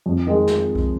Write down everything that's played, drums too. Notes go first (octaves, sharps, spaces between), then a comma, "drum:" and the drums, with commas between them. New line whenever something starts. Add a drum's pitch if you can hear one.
F2
D#3 G#3
drum: snare
drum: kick B1